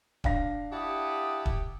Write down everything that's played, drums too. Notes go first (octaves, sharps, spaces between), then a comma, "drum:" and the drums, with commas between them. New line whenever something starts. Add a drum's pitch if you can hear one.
D4 F5 A#6, drum: kick D#1
E4 G4 F#5 A5 D#6
drum: kick D#1